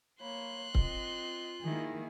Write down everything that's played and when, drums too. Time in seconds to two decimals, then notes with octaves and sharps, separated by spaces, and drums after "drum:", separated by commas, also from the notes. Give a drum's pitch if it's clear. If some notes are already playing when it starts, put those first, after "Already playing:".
0.21 A#3 C#5 B5 C6 F#6
0.75 C4 F4 D#5, drum: kick C#1
1.62 D#3 A#3 E4 G#4